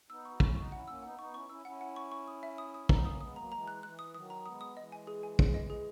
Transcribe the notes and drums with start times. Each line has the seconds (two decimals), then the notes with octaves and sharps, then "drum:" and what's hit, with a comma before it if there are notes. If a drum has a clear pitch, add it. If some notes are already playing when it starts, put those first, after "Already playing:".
0.10 B3 D#4 E6
0.25 C#6
0.31 F#4
0.40 C#4 E4 C#6, drum: kick
0.56 D#4 F#4 C#6
0.71 C#4 E4 F#5
0.87 A#3 C#4 E6
1.03 B3 D#4 F#5
1.18 B3 D#4 C#6
1.34 C#4 E4 C#6
1.49 C#4 E4 E6
1.65 C#4 E4 F#5
1.81 F#5
1.96 C#6
2.12 C#6
2.28 D#6
2.43 E5
2.58 D#6
2.74 D#6
2.89 B3 D#4 A#5, drum: kick
3.05 A#3 C#4 D#6
3.20 G#3 B3 D#6
3.36 F#3 A#3 A#5
3.52 E3 G#3 A#5
3.67 F#6
3.83 E3 F#6
3.99 D#6
4.14 D#3 F#3 D#6
4.30 A#5
4.45 G#3 B3 D#6
4.61 D#6
4.76 E3 G#3 D#5
4.92 G#5
5.07 G#4
5.23 G#5
5.39 G#4, drum: kick
5.54 D#5
5.70 G#4